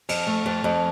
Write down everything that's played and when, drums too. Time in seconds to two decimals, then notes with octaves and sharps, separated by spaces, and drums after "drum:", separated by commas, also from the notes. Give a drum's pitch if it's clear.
0.09 F2, drum: cymbal
0.27 A3
0.46 F2
0.64 F2